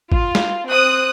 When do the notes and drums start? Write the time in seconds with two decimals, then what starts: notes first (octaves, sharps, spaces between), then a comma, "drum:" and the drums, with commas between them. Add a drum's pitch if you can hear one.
0.12 F4, drum: kick
0.35 drum: snare
0.68 C4 D#6 F#6